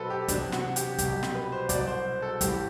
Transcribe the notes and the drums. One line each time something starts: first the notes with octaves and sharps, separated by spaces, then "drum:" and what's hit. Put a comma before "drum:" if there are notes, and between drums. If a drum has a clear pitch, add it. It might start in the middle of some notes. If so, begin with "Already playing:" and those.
Already playing: B1 B2 F#3 A4 B4 C5
G4
E2 C3 F#3 D4, drum: kick, hi-hat
F#4, drum: snare
G4, drum: hi-hat
C2 B2 F#3 G4, drum: kick, hi-hat
drum: snare
B4
C5
C2 B2 F#3 D5, drum: kick, hi-hat
C5
A4
A1 G2 E3 G4, drum: kick, hi-hat